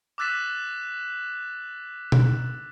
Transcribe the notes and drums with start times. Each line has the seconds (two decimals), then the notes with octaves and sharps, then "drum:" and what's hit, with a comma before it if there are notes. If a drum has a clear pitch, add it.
0.18 D6 E6 F#6 A6 B6 E7
2.12 drum: tom B2